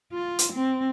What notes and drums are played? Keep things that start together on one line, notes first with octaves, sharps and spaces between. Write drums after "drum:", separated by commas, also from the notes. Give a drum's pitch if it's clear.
F4
drum: hi-hat
C4